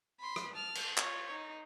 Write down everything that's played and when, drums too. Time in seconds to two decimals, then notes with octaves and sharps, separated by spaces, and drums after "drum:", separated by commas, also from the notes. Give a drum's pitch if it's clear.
0.20 B5 C6
0.36 drum: rim click
0.56 A5 F6
0.75 drum: cymbal
0.97 F4 C#5, drum: clap
1.32 D#4